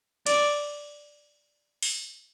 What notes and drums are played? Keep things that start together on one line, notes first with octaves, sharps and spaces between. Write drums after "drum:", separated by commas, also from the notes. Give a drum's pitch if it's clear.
D5, drum: cymbal
drum: open hi-hat